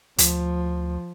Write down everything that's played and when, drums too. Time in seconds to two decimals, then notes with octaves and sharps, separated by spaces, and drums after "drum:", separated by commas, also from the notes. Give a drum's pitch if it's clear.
0.18 D2 F3, drum: hi-hat